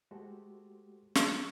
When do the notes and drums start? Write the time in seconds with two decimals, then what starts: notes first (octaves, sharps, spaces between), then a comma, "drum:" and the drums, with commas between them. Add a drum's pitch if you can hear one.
0.11 G#3 A3 F#4 G4 A4 C5
1.15 drum: snare